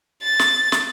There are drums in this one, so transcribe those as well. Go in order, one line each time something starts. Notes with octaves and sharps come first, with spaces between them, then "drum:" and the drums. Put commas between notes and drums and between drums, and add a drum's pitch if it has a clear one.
A6
drum: snare
drum: snare